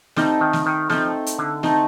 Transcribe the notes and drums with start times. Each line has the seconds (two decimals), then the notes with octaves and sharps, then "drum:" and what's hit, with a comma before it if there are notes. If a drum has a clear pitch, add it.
0.16 G3 A3 C4 D#4 A4, drum: snare
0.41 D#3
0.53 drum: snare
0.66 D#3
0.89 F3 A3 C4 D#4 A4, drum: snare
1.26 drum: hi-hat
1.38 D3
1.63 A3 C4 D#4 A4, drum: snare